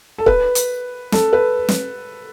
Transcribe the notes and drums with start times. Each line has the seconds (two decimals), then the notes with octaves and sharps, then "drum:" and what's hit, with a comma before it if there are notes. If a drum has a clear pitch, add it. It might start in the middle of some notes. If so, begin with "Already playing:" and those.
0.18 A4
0.26 B4, drum: kick
0.55 drum: hi-hat
1.12 A4, drum: snare
1.33 B4
1.68 drum: snare